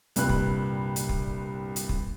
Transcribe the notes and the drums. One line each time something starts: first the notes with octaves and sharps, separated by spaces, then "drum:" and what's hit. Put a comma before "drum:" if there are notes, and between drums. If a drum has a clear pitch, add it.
C2 G2 A#2 B4 F#6, drum: hi-hat
drum: kick
drum: hi-hat
drum: kick
drum: hi-hat
drum: kick